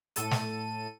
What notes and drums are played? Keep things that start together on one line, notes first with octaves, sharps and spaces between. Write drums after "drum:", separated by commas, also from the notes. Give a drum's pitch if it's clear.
A2 A4 D#7, drum: hi-hat
drum: snare